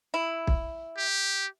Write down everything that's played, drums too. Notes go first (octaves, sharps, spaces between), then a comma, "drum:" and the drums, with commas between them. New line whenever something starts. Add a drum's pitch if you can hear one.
E4
drum: kick
G4